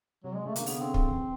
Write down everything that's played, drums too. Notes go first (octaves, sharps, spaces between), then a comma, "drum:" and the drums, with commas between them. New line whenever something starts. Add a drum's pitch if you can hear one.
C3 F#3
G#3
C#3 A3
D3 A#3, drum: hi-hat
C#3 B3, drum: open hi-hat
D3 C4
C4, drum: kick
E3